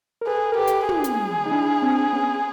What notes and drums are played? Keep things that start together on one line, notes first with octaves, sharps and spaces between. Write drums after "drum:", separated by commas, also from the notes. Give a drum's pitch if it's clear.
A#4
G#4 A4 B4
A#4
G4 A4 B4
drum: hi-hat
G#4, drum: tom
drum: hi-hat
D#4
D4 E4
C4 D4
B3 C#4